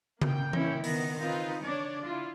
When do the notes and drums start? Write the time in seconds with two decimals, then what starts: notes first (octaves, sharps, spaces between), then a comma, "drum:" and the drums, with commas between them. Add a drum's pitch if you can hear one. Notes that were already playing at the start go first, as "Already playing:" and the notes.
0.22 A#3 G5, drum: tom C#3
0.53 C#4 E4, drum: tom E3
0.84 D#3 B3, drum: open hi-hat
1.20 C4 D#4 F4 B4
1.64 D4 C#5 D5
2.05 E4 F4